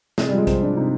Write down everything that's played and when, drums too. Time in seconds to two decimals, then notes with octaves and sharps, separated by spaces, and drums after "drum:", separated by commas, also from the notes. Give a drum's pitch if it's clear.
0.18 C3 G#3, drum: snare
0.29 F3 G3
0.38 G#3
0.47 C3 C4, drum: kick, hi-hat
0.62 F3 D4
0.77 C3 D#4